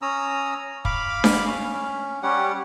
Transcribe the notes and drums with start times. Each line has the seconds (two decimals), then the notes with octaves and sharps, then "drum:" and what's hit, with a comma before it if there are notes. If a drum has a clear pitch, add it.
0.02 C#4 A#5 D#6 E6
0.85 F5 B5 D6, drum: kick
1.24 drum: snare D4
1.45 C#4
2.23 G3 C#4 G4 F#5